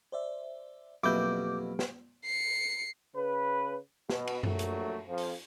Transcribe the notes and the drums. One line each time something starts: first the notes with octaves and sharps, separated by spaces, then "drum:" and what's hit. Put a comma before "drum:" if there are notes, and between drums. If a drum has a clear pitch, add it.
C5 D5 E5
F2 B2 F#3 A#3 E4 G4 D6 G6
drum: snare
C7 C#7
C#3 B4
B2, drum: snare
drum: cymbal
A#1 F#3 A3, drum: tom F#2
drum: hi-hat
F2 F3
drum: open hi-hat